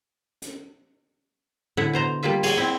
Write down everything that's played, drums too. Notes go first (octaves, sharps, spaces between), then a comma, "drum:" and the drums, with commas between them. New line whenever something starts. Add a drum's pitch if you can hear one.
drum: hi-hat
A2 D3 E4 E5 F#5
B2 C5 A#5
G3 A3 A#3 F4 E5
G#4 C#5 G#5, drum: cymbal
C4 E4